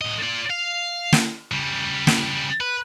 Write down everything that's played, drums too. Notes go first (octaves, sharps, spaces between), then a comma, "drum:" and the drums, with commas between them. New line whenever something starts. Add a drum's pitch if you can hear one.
A2 D#5
F4 D5
F5
drum: snare
C#3 G3
drum: snare
B4